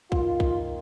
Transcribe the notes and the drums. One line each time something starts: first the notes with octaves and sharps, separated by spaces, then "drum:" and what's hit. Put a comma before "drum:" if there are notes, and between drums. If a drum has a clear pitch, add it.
D#3 A#3 F4, drum: kick
drum: kick